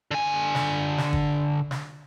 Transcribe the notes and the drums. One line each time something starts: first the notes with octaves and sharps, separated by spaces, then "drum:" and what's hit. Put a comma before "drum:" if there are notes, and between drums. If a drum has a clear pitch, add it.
D3 G#5
drum: snare
drum: snare
drum: kick
drum: snare